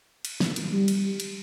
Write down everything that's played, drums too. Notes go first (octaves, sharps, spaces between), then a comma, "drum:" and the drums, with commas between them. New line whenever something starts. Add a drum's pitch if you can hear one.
drum: cymbal
drum: snare
drum: cymbal
G3
drum: cymbal
drum: cymbal